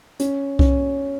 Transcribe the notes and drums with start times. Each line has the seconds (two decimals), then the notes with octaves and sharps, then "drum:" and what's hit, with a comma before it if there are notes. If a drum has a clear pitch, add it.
0.20 C#4, drum: hi-hat
0.59 C#4, drum: kick C2